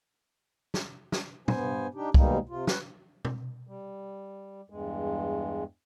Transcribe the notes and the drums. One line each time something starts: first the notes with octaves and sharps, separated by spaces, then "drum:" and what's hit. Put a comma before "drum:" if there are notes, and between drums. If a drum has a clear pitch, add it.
drum: snare
drum: snare
G2 B3 C5 G#5, drum: tom
D4 D#4 G4
D#2 B2 G3 G#3 A#3 D#4, drum: kick C2
C3 F4
B4, drum: snare
drum: tom B2
G3
E2 G2 G#3